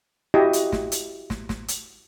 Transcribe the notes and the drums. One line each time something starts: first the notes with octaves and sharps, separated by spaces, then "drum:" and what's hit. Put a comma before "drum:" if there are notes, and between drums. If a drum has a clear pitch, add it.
E4 F#4 G4 D#5
drum: hi-hat
drum: snare
drum: hi-hat
drum: snare
drum: snare
drum: hi-hat